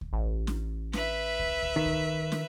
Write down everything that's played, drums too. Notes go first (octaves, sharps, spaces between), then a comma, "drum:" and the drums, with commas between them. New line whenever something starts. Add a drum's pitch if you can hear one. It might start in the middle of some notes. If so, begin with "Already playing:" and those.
drum: kick C#2
A1
drum: snare
B4 E5, drum: snare
drum: kick C#2
drum: kick C#2
D#3
drum: kick C#2
drum: snare